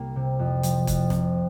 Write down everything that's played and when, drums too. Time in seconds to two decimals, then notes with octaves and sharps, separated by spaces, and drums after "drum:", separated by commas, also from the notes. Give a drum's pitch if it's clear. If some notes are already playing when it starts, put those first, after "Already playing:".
Already playing: C2 A#3
0.16 C3
0.39 F2
0.63 F3, drum: hi-hat
0.87 F2, drum: kick, hi-hat
1.10 C3, drum: snare